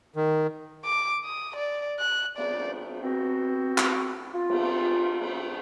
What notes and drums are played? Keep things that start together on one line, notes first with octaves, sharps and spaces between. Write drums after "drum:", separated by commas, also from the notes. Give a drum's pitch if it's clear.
D#3
D6
D#6
D5
F#6
D5, drum: cymbal
B3 C4 F#4
drum: clap
F4
drum: cymbal
drum: cymbal